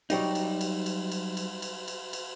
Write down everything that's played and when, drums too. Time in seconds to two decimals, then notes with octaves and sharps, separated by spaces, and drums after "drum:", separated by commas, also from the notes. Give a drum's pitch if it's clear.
0.10 F#3 G3 D#4, drum: cymbal
0.35 drum: cymbal
0.61 drum: cymbal
0.86 drum: cymbal
1.12 drum: cymbal
1.37 drum: cymbal
1.62 drum: cymbal
1.88 drum: cymbal
2.13 drum: cymbal